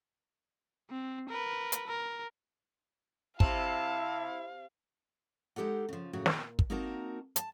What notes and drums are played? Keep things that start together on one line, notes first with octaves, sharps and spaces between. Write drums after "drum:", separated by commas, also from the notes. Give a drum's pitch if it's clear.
C4
A#4 B4
drum: hi-hat
A#4
C3 E4 F5 A5, drum: kick
G#3 D#4 G4 A4 F#5
C#3 F3
A2 C#3 F#3 F#4
A#2, drum: snare
drum: kick
A#3 C4 D#4 F#4 A#4 A5
A5, drum: hi-hat